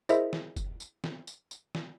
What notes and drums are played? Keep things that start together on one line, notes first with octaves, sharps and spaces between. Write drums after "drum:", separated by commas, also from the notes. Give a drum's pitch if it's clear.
E4 G#4 A#4 C5 D#5 E5, drum: tambourine
drum: snare
drum: kick, tambourine
drum: tambourine
drum: snare
drum: tambourine
drum: tambourine
drum: snare